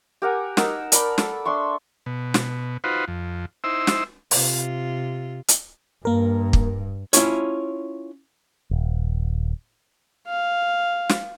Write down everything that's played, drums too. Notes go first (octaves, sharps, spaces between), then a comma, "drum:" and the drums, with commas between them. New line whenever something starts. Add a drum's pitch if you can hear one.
G4 A#4 F#5 G#5
D#4 A#4 F#5 E6, drum: snare
A#4 D5 A5 B5, drum: hi-hat
A4, drum: snare
D4 E5 C6 C#6
B2
drum: snare
D#4 F4 F#4 B4 C5
F2
D#4 E4 C5 E6
drum: snare
C3 F4, drum: open hi-hat
drum: hi-hat
G2 A#3 A#4
drum: kick
C#4 E4 F4 C#5, drum: hi-hat
D#1
F5
drum: snare